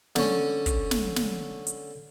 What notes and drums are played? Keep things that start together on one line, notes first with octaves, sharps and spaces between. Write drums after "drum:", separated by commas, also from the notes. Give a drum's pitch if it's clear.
D3 C#4, drum: snare
drum: kick, hi-hat
drum: snare
drum: snare
drum: hi-hat